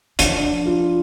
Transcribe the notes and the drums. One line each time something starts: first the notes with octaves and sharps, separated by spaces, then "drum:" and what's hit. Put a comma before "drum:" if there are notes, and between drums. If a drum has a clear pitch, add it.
F3 D4, drum: hi-hat
F4